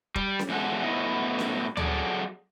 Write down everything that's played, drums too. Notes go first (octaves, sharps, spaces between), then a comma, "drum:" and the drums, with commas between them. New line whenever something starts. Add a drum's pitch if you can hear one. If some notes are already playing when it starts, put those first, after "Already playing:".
G3, drum: kick F1
drum: snare C#4
E2 G#3 F#4 A4
A2 F#3 B3 E4 D#5
drum: snare C#4
F#3 G#4 A4 D5, drum: tom D2